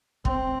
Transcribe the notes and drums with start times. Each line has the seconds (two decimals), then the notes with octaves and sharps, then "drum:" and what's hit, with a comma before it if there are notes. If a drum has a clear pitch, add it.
0.25 C4, drum: kick